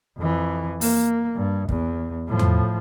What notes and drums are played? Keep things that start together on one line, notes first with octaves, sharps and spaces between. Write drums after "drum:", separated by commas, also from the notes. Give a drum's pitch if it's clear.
F2 E3
A#3, drum: open hi-hat
G2
E2, drum: kick
A2 F3
drum: tom E2